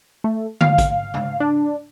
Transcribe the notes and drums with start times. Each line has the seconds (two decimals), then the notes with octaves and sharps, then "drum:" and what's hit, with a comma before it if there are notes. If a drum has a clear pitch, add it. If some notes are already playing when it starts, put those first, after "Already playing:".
0.24 A3
0.61 F5, drum: tom D3
0.78 drum: kick, hi-hat
1.14 drum: tom C#3
1.40 D4